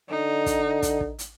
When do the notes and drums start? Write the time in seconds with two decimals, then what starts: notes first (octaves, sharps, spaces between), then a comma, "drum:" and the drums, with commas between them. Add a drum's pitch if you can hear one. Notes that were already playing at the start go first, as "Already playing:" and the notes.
0.10 D3 D#4
0.46 drum: kick, hi-hat
0.82 drum: kick, hi-hat
1.01 drum: kick
1.19 drum: hi-hat